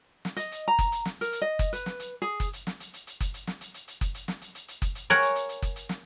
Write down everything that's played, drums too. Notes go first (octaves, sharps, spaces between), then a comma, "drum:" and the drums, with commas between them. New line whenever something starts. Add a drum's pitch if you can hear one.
drum: snare
D#5, drum: hi-hat
drum: hi-hat
A#5
drum: kick F#1, hi-hat
drum: hi-hat
drum: snare
A#4, drum: hi-hat
drum: hi-hat
D#5
drum: kick F#1, hi-hat
B4, drum: hi-hat
drum: snare
drum: hi-hat
G#4
drum: kick F#1, hi-hat
drum: hi-hat
drum: snare
drum: hi-hat
drum: hi-hat
drum: hi-hat
drum: kick F#1, hi-hat
drum: hi-hat
drum: snare
drum: hi-hat
drum: hi-hat
drum: hi-hat
drum: kick F#1, hi-hat
drum: hi-hat
drum: snare
drum: hi-hat
drum: hi-hat
drum: hi-hat
drum: kick F#1, hi-hat
drum: hi-hat
A#4 C#5 F#5 G#5, drum: snare
drum: hi-hat
drum: hi-hat
drum: hi-hat
drum: kick F#1, hi-hat
drum: hi-hat
drum: snare